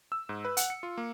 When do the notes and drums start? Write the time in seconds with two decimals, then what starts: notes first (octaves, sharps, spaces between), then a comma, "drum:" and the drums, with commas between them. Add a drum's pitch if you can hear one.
0.12 E6
0.29 G#2
0.45 B4
0.57 F#5, drum: hi-hat
0.70 C#7
0.83 F4
0.98 A#3